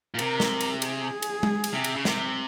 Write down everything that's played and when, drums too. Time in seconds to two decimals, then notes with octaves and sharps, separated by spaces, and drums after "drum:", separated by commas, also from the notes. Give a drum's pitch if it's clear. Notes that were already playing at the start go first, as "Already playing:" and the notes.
0.15 A#2
0.19 C3 A#4, drum: cymbal
0.40 drum: snare
0.61 drum: cymbal
0.82 G#4, drum: cymbal
1.22 drum: cymbal
1.43 drum: tom G#3
1.64 drum: cymbal
1.74 C3
1.84 drum: cymbal
1.96 C#3
2.05 C3, drum: snare